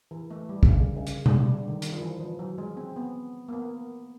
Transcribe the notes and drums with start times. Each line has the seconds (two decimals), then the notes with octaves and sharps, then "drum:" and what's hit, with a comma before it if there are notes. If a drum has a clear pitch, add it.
0.11 E3
0.31 A3
0.49 G3
0.63 D3, drum: kick
0.68 C#3
0.96 C#3
1.07 drum: hi-hat
1.26 D3, drum: tom B2
1.40 G3
1.54 D3
1.68 D#3
1.82 D#3, drum: hi-hat
1.92 F3
2.01 E3
2.20 F3
2.39 F#3
2.58 G#3
2.77 C4
2.96 B3
3.48 A#3
3.53 B3